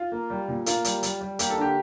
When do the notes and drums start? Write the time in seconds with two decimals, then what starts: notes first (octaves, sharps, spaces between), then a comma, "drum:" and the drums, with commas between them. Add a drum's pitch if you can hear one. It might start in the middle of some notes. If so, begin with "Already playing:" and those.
Already playing: F4
0.12 A#3
0.30 G3
0.48 A#2
0.66 A#3 F4, drum: hi-hat
0.84 G3, drum: hi-hat
1.03 G3, drum: hi-hat
1.21 G3
1.39 A#3 G4, drum: hi-hat
1.50 A4
1.57 D3 G4